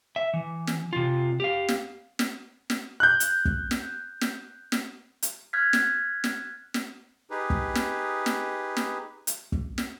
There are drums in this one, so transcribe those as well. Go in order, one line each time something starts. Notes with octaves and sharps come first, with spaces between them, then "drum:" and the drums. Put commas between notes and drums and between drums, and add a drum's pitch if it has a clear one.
E5
E3
drum: snare
C3 F4
G4 F5
drum: snare
drum: snare
drum: snare
F#6 G6
drum: hi-hat
drum: kick
drum: snare
drum: snare
drum: snare
drum: hi-hat
F6 F#6 G#6 A6 B6
drum: snare
drum: snare
drum: snare
D#4 G4 G#4 B4
drum: kick
drum: snare
drum: snare
drum: snare
drum: hi-hat
drum: kick
drum: snare